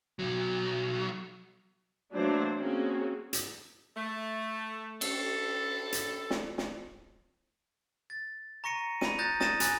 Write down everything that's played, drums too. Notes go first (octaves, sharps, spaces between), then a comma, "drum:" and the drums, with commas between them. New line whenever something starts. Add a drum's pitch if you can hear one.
B1 F#3
E3 F#3 A3 A#3 D4 C5
A#3 C4 C#4 F#4 G#4
drum: hi-hat
A3
A4, drum: cymbal
drum: hi-hat
drum: snare
drum: snare
A6
A#5 C#6 A#6 C#7 D#7
B5 D#7, drum: snare
A#5 D#6 F#6 G6 A6 A#6
D#6 A6 A#6 D#7 E7, drum: snare
G#5 B5 F#6 A6 E7, drum: hi-hat